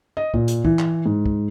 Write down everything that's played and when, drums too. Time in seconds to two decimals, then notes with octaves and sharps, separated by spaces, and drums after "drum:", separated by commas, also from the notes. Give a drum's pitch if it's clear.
0.17 D#5
0.34 A#2, drum: kick
0.48 drum: hi-hat
0.65 E3, drum: kick
0.79 drum: clap
1.06 G#2
1.26 drum: kick